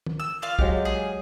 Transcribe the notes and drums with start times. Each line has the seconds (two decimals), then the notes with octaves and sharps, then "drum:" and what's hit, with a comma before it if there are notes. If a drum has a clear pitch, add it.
0.06 drum: tom
0.20 E6
0.42 F4 D5 F5
0.59 F#3 G#3 G4, drum: kick
0.85 G#4